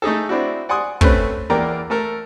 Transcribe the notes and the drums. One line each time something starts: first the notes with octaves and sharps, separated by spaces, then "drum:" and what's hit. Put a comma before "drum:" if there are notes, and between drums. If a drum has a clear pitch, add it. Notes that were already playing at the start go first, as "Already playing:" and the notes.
A3 D#4 G#4 A4
C4 D4 E4 F#4
D5 F#5 G#5 C6 D#6
A3 C4 C#4 B4, drum: kick
E2 A#3 A#4 D5 G5 A#5
A3 A4 A#4